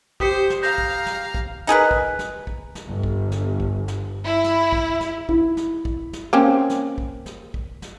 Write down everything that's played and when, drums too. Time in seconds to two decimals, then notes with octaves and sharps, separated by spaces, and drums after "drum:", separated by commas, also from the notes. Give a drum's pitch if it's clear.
0.20 G4 C5 D#6 B6 C#7, drum: kick
0.50 drum: snare
0.62 F5 A#5 G6 A#6
0.78 drum: kick
1.06 drum: snare
1.34 drum: kick
1.67 D#4 G#4 A#4 B4
1.91 drum: kick
2.19 drum: snare
2.47 drum: kick
2.75 drum: snare
2.88 G1
3.03 drum: kick
3.32 drum: snare
3.60 drum: kick
3.88 drum: snare
4.24 E4
4.44 drum: snare
4.72 drum: kick
5.01 drum: snare
5.29 E4, drum: kick
5.57 drum: snare
5.85 drum: kick
6.13 drum: snare
6.33 A#3 C4 C#4
6.70 drum: snare
6.98 drum: kick
7.26 drum: snare
7.54 drum: kick
7.82 drum: snare